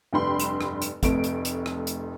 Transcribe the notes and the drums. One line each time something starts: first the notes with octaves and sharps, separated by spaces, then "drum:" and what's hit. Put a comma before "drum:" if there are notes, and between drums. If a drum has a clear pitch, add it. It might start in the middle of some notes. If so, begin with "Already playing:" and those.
F1 G2 G5 B5 C6
drum: hi-hat
drum: rim click
drum: hi-hat
F1 F2 A3 D7, drum: kick, hi-hat
drum: hi-hat
drum: hi-hat
drum: rim click
drum: hi-hat